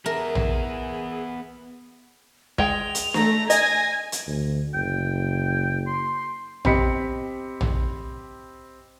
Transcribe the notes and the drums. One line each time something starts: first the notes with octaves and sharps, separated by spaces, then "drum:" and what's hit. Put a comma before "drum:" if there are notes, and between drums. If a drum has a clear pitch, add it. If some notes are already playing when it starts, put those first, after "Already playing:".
B3 G#4 A#4 E5
drum: tom A#1
G#3 G5 F7, drum: kick
drum: hi-hat
A3 A#5, drum: snare
D#5 G#5 A#6, drum: hi-hat
drum: hi-hat
D2
F#1 G5
C6
C4 G4 D#5 B5 B6 C#7, drum: tom A#1
drum: tom A#1